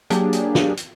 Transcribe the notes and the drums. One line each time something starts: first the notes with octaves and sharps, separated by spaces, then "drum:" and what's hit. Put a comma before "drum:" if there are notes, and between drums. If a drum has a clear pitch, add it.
F#3 A#3 D4 G4 G#4, drum: hi-hat
drum: hi-hat
drum: snare
drum: hi-hat